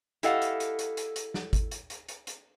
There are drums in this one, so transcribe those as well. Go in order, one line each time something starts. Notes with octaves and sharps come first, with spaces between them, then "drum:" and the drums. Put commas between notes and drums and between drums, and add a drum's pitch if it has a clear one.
E4 G4 A4 D#5 F5 F#5, drum: hi-hat
drum: hi-hat
drum: hi-hat
drum: hi-hat
drum: hi-hat
drum: hi-hat
drum: snare
drum: kick G#1, hi-hat
drum: hi-hat
drum: hi-hat
drum: hi-hat
drum: hi-hat